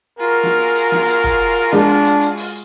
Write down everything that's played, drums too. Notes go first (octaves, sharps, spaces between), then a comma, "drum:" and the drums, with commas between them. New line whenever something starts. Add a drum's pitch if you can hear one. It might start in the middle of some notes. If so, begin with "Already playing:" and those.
F4 F#4 G#4 A#4
drum: snare
drum: hi-hat
drum: snare
drum: hi-hat
drum: kick, hi-hat
G#3 D4, drum: snare
drum: hi-hat
drum: hi-hat
drum: open hi-hat